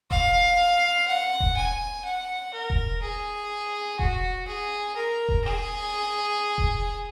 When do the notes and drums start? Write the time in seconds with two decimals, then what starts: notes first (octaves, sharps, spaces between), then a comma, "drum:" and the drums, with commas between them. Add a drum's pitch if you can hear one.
0.11 F5, drum: kick E1
1.08 F#5
1.40 drum: kick E1
1.57 G#5
2.05 F#5
2.54 A#4
2.70 drum: kick E1
3.02 G#4
3.99 F#4, drum: kick E1
4.48 G#4
4.96 A#4
5.29 drum: kick E1
5.45 G#4
6.58 drum: kick E1